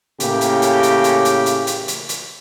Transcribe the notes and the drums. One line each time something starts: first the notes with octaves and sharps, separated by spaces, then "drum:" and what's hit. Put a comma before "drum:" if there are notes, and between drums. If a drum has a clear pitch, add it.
A2 C#3 A#3 G4, drum: hi-hat
drum: hi-hat
drum: hi-hat
drum: hi-hat
drum: hi-hat
drum: hi-hat
drum: hi-hat
drum: hi-hat
drum: hi-hat
drum: hi-hat